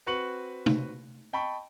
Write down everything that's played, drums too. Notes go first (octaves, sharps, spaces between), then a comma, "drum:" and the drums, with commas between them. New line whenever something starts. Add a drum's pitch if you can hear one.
C4 F#4 B4 C#6 C#7 F#7
drum: tom
D#5 G5 A5 B5 C#6